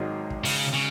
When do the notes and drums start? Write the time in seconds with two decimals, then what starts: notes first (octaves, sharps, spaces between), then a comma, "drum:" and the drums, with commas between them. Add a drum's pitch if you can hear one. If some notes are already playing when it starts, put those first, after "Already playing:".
Already playing: G#1 G#2 D#3 F#3 D#4
0.30 drum: kick
0.45 C#3, drum: open hi-hat
0.74 C#3